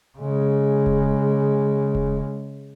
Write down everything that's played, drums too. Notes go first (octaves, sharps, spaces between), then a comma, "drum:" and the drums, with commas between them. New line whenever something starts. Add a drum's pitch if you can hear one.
C#3 G#3
drum: kick D#1
drum: kick D#1